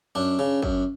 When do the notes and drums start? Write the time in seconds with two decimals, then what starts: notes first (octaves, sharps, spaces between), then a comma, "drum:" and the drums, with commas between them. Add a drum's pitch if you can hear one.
0.15 F#2 D4
0.39 C#3
0.63 F#2, drum: kick